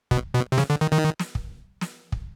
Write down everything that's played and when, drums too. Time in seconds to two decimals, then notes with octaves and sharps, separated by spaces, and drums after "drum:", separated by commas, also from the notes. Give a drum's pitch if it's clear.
0.11 B2, drum: kick
0.34 B2
0.52 C3
0.58 C#3, drum: snare
0.70 D3
0.81 D#3
0.92 D#3
1.20 drum: snare
1.35 drum: kick
1.81 drum: snare
2.12 drum: kick